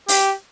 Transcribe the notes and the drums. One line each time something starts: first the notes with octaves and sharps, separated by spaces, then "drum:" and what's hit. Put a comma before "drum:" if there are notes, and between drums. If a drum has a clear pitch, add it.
G4, drum: open hi-hat